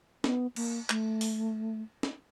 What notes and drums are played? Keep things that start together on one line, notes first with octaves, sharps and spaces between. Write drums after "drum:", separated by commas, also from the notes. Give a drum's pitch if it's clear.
B3, drum: snare
A#3, drum: cymbal
A3, drum: clap
drum: open hi-hat
drum: snare